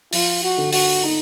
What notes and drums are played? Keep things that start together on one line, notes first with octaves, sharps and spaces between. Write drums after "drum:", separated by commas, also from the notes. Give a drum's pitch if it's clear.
F3 F4, drum: open hi-hat
F#4
D3
F#4, drum: open hi-hat
D#4